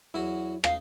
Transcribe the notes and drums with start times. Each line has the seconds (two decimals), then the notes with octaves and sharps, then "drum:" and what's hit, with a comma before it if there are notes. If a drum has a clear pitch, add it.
0.14 E2 F#3 E4 F#4
0.64 D#4 F5, drum: rim click